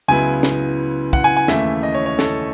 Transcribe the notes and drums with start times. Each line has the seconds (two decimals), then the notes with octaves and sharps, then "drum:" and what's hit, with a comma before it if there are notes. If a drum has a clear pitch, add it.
0.08 C#2 C#3 F#3 B3 E4 G#5
0.43 drum: snare
1.13 F#5, drum: kick
1.24 G#5
1.37 G#5
1.48 D#2 C#3 E3 A3 E5, drum: snare
1.83 D#5
1.95 C#5
2.06 C#5
2.19 A4, drum: snare